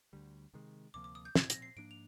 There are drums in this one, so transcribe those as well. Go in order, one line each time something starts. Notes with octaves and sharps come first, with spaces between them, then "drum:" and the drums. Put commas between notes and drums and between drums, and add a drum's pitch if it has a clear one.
D2 D3 G3
C3 D#3 G#3
D2 C3 F3 A#3 D6
D6
D#6
G6
A#2 F3 C4 G#6, drum: snare
A#6, drum: hi-hat
C7
G#2 F3 A#3 D4 D7
F7